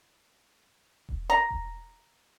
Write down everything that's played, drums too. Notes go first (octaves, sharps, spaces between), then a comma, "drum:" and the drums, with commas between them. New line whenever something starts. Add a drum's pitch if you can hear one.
drum: kick E1
A#5
drum: kick E1